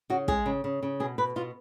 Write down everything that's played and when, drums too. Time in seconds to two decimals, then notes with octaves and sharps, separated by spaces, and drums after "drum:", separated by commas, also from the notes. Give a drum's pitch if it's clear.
0.10 C#3 F#4
0.28 G#3 G#4, drum: kick
0.46 C#3
0.64 C#3
0.83 C#3
1.00 B2 G#4
1.18 B2 B4
1.36 B2 F4